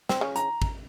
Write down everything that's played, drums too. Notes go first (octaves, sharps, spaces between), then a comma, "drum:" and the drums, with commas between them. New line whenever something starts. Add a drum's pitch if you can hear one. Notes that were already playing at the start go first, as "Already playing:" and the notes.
C4, drum: snare
C#3 C#4
A#5, drum: hi-hat
drum: kick